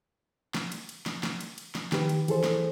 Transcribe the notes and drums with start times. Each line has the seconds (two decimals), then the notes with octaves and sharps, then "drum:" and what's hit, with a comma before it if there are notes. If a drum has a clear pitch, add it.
0.55 drum: snare
0.72 drum: cymbal
0.89 drum: cymbal
1.06 drum: snare
1.23 drum: snare
1.41 drum: cymbal
1.58 drum: cymbal
1.75 drum: snare
1.92 D#3 G4 B4, drum: snare
2.09 drum: cymbal
2.28 E3 G#4 A4 C5, drum: cymbal
2.44 drum: snare